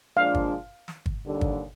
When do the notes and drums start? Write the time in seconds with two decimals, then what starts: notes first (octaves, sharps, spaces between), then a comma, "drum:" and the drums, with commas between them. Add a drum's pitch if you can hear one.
0.17 A#2 F3 G#3 D4 F5
0.35 drum: kick
0.88 drum: snare
1.06 drum: kick
1.24 D#2 D3 G3
1.41 drum: kick